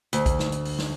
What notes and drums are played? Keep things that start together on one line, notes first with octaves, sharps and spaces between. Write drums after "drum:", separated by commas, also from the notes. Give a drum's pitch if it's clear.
D2, drum: hi-hat
drum: kick, hi-hat
drum: snare
drum: hi-hat
drum: open hi-hat
drum: snare